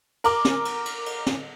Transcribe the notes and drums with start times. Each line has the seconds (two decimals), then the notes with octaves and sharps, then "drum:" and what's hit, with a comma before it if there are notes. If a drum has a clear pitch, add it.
0.24 A#4 D6, drum: cymbal
0.45 drum: snare
0.65 drum: cymbal
0.86 drum: cymbal
1.06 drum: cymbal
1.26 drum: snare